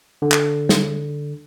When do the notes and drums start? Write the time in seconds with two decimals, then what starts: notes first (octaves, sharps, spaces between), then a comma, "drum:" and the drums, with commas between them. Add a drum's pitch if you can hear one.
0.22 D3
0.32 drum: clap
0.69 drum: snare